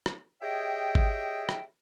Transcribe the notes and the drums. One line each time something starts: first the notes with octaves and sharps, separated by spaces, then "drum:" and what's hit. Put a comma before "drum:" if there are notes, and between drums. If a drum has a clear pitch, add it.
drum: rim click
G4 G#4 C#5 D#5 E5 G5
drum: kick G#1
drum: rim click